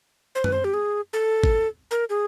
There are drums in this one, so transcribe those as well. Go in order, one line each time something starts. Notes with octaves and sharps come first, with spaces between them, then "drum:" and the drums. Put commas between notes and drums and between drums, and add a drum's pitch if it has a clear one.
C5
B4, drum: tom F#2
C5
G4
G#4
A4
drum: kick
A#4
G#4